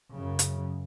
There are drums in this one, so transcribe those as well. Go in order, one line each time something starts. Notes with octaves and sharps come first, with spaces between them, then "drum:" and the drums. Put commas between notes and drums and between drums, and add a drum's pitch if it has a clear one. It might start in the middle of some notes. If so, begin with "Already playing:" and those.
F#2 C#3
drum: hi-hat